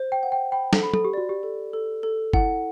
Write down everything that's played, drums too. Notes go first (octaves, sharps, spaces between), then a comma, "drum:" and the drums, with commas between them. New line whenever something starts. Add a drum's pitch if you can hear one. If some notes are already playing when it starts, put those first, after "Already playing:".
Already playing: C5
G5
F#5
G5
G5 B5
A4, drum: snare
B5
A4, drum: tom
G4
F#4 D5
G4
A4
A4
A4
E4 F#5, drum: kick